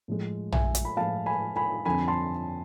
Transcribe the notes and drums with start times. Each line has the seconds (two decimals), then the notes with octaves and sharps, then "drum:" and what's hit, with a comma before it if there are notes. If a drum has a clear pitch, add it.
0.08 A2 F3 G#3
0.52 E5 G#5, drum: tom A#1
0.75 drum: hi-hat
0.85 B5
0.97 A2 F3 G#3 F5 A5
1.26 G#5 B5
1.56 G#5 B5
1.85 F2 D3 F3 G#5 B5
2.08 A5 C6